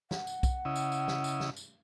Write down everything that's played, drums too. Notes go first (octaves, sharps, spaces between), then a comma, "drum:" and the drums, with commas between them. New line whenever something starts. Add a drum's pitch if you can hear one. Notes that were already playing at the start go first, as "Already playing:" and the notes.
F#5, drum: snare
drum: tambourine
drum: kick B1, tambourine
C#3 E4 D#5
drum: tambourine
drum: tambourine
drum: snare
drum: tambourine
drum: snare
drum: tambourine